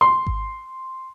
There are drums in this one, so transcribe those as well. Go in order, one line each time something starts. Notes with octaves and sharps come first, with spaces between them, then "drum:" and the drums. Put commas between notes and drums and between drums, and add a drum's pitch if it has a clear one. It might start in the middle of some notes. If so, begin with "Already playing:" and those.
C6
drum: kick G#1